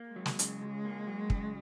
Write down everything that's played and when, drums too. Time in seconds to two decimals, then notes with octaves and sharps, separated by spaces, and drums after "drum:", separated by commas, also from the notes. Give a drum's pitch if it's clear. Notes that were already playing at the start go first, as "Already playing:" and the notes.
Already playing: A#3
0.09 G#3
0.16 F#3
0.26 drum: snare
0.39 C#3, drum: hi-hat
0.61 C#2
0.85 A#3
1.07 F#3
1.30 C#3, drum: kick